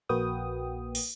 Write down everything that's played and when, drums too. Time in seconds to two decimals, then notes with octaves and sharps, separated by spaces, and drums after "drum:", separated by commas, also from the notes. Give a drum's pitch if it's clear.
0.09 A#1 A#3 F#4 B4 G5 D#6
0.95 drum: open hi-hat